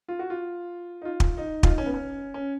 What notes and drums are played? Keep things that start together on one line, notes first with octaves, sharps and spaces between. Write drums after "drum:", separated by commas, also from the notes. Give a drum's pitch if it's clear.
F4
F#4
F4
D#4
F4
drum: kick
D#4
F4, drum: kick
D#4
C#4
B3
C#4
C#4